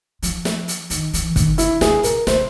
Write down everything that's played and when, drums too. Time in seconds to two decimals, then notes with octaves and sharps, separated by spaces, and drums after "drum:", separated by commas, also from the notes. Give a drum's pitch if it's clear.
0.23 F3, drum: hi-hat
0.45 drum: snare
0.68 drum: hi-hat
0.90 D#3, drum: hi-hat
1.13 E3, drum: hi-hat
1.36 D#3, drum: kick, hi-hat
1.58 D3 E4, drum: hi-hat
1.81 C#3 G#4, drum: snare
2.03 C3 A#4, drum: hi-hat
2.27 C#3 C5, drum: snare